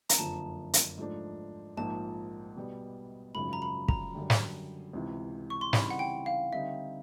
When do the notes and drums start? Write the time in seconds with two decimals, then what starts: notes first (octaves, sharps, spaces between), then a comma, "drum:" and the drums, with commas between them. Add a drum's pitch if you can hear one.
0.09 A#5, drum: hi-hat
0.19 F#1 F2 D3 F3 A5
0.74 drum: hi-hat
0.98 G#2 F3 A3 D4
1.77 A#1 G#2 F3 A#3 D#4 A5
2.56 B2 G3 B3
3.35 G#1 F#2 C#3 F3 B5
3.53 A#5
3.62 B5
3.88 A#5, drum: kick
4.14 F#2 D3 G3
4.30 drum: snare
4.93 C#2 C3 E3
5.50 C#6
5.61 C6
5.73 C#3 E3 G3 C4 D#4 B5, drum: snare
5.90 F#5
5.99 G5
6.26 F5
6.52 D3 G3 C4 D#4 E5